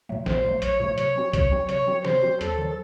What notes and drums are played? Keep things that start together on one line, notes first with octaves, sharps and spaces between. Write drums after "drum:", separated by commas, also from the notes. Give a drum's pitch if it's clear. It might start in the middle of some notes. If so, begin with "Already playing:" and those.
A#2 F#3 A3
A#1 C5, drum: snare
A#2 F#3 A3
A#1 C#5, drum: hi-hat
A#2 F#3 A3
C3 C#5, drum: hi-hat
F#3 C4 F#4
C3 C#5, drum: kick B1, hi-hat
F#3 C4 F#4
C3 C#5, drum: hi-hat
F#3 C4 F#4
C3 C5, drum: snare
F#3 C4 F#4
D#2 A4, drum: hi-hat
D#3 F#3